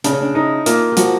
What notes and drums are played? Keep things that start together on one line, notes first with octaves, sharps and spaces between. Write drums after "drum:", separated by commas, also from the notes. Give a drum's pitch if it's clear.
C#3 D4, drum: hi-hat
C#4
D4
D#4 E4
A#3 F4, drum: hi-hat
G4
F3 F#4, drum: hi-hat